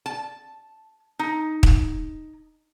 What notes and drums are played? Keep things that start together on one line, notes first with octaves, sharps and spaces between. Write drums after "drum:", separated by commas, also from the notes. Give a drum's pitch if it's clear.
A5
D#4
drum: kick